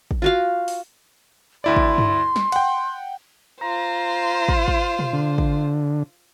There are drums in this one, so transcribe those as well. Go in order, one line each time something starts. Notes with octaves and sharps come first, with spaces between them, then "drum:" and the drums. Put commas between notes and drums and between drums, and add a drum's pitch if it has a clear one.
drum: kick
F4 F#4 F5
drum: open hi-hat
D2 E4 D5 C6
drum: kick
drum: tom G2
drum: snare
F#5 G5, drum: cymbal
F4 C5 A#5
drum: kick
drum: kick
drum: tom B2
D3
drum: kick